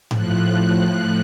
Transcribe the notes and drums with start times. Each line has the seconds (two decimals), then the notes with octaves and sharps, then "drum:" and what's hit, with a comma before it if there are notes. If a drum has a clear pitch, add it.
0.11 A2 F3 F#6, drum: tom G#2